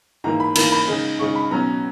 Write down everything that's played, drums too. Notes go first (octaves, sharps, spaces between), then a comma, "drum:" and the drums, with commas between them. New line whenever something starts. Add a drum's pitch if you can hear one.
G#2 E3 A#3 A#5
B5
G#2 E3 A#3 B5, drum: cymbal
B5
C#3 G#3 D#4
C#3 G#3 D#4 C#6
B5
B2 F#3 C#4 A#5